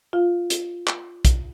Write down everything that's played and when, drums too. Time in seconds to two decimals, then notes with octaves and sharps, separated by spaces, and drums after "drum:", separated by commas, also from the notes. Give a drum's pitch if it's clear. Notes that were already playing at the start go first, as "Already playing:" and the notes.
0.13 F4 F5
0.50 drum: hi-hat
0.87 drum: clap
1.25 drum: kick B1, hi-hat